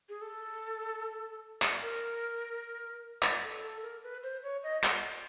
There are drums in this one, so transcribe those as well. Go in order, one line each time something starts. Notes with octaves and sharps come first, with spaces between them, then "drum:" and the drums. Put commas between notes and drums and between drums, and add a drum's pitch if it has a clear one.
G#4
A4
drum: clap
A#4
drum: clap
A4
A4
A#4
B4
C5
C#5
D#5
drum: clap